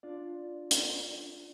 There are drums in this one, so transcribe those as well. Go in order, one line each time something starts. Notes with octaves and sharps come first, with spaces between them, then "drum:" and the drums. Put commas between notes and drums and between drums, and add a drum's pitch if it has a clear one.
D4 F4 D5
drum: hi-hat